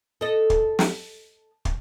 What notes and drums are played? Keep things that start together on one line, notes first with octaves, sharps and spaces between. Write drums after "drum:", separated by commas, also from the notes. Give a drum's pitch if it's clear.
A4 D#5
drum: kick
drum: snare
drum: kick